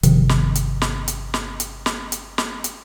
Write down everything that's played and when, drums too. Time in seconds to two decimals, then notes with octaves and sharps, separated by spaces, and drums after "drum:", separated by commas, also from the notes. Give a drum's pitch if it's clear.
0.03 G1 C3 D#3 F3, drum: hi-hat
0.29 drum: snare
0.55 drum: hi-hat
0.82 drum: snare
1.08 drum: hi-hat
1.34 drum: snare
1.60 drum: hi-hat
1.86 drum: snare
2.12 drum: hi-hat
2.38 drum: snare
2.64 drum: hi-hat